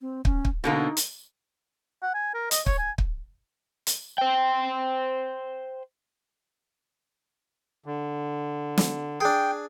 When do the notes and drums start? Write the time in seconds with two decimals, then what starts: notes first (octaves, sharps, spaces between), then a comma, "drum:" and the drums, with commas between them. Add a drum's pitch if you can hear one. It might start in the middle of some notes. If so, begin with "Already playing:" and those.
0.01 C4
0.25 C#4, drum: kick
0.45 drum: kick
0.64 B2 D3 A#3 D#4
0.97 drum: hi-hat
2.03 F#5
2.14 G#5
2.34 A#4
2.51 D#5, drum: hi-hat
2.66 C#5, drum: kick
2.79 G#5
2.98 drum: kick
3.87 drum: hi-hat
4.18 C5 G5
7.86 D3
8.77 drum: snare
9.21 D4 G#4 G5